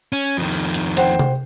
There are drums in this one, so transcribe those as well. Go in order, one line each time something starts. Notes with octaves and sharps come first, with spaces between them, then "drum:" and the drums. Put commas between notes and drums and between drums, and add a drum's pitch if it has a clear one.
C#4
F2 D#3
drum: open hi-hat
drum: hi-hat
C5 F#5 G5, drum: hi-hat
drum: tom C3